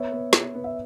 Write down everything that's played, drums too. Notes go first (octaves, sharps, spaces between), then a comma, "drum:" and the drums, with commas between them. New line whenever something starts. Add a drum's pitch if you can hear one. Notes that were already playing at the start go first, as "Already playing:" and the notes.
Already playing: B3 C#5 E5
B3
B3, drum: snare
B3
E5